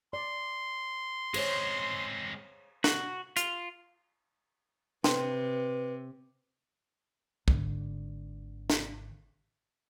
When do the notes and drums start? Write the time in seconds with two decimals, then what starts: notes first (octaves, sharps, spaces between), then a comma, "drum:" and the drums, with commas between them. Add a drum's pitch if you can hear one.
0.13 D5 C6
1.34 G#3 C4 G#4 C5 C#5, drum: cymbal
2.84 F#4, drum: snare
3.37 F4, drum: hi-hat
5.04 C3 C4 B4, drum: snare
7.48 G#1 D3, drum: kick
8.70 drum: snare